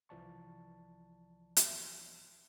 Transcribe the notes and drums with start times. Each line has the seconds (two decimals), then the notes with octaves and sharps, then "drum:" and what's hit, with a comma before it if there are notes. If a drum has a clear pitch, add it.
0.09 C2 E3 F3 D5 A5 C#6
1.56 drum: hi-hat